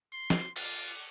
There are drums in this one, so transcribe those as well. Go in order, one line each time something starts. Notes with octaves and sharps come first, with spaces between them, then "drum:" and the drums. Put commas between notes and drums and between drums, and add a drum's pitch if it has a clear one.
C6
drum: snare
F4, drum: cymbal